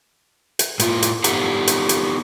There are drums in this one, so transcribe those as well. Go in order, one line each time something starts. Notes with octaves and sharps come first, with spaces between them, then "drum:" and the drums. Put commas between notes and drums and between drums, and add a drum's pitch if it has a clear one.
drum: hi-hat
A2 F4, drum: hi-hat
drum: hi-hat
B3 D#4 G4 A4 F#5 A#5, drum: hi-hat
drum: hi-hat
drum: hi-hat